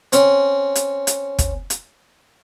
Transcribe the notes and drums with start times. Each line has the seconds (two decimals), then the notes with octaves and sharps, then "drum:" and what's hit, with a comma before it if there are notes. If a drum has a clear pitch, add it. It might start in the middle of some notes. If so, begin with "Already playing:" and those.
0.12 C4 C#4, drum: hi-hat
0.75 drum: hi-hat
1.07 drum: hi-hat
1.39 drum: kick, hi-hat
1.70 drum: hi-hat